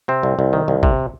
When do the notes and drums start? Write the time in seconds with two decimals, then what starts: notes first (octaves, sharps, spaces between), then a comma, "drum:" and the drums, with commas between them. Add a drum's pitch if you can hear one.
0.08 C3 C4
0.23 C2
0.39 C2
0.53 D#3
0.68 C2
0.83 C3, drum: kick